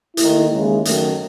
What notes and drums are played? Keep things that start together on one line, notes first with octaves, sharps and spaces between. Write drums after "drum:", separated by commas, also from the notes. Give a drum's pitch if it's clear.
D#2 D#3 A3 E4, drum: hi-hat
D#2 C#3 E3 G#3
F#2 D#3 F#3 A3, drum: hi-hat